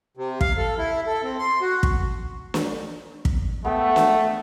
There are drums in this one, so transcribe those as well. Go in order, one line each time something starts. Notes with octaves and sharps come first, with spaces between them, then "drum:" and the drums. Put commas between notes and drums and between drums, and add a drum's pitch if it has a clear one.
C3
F5, drum: kick
A4
E4
A4
C4
C6
F#4
drum: kick
drum: snare
drum: kick
A3 B3 B4 G5
drum: snare